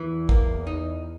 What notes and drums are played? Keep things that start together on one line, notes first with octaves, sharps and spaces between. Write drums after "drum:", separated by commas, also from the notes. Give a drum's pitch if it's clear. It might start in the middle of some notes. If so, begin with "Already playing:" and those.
Already playing: E2 E3
A#3, drum: kick
D#4